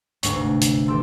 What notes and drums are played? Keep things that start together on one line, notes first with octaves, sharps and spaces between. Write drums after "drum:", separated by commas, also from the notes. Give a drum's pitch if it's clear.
G1 D2 G#2 C#6, drum: hi-hat
C3 A3
drum: hi-hat
E3 G4 A4 C6